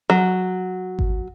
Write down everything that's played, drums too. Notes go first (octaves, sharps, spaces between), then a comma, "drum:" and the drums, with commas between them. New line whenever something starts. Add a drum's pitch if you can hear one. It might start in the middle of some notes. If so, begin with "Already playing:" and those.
F#3
drum: kick G#1